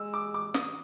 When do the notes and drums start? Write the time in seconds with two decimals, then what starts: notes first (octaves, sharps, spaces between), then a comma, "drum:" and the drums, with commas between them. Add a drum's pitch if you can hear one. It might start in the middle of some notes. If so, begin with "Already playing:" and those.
Already playing: G#3 E6
0.14 D6
0.34 D6
0.54 D#6, drum: snare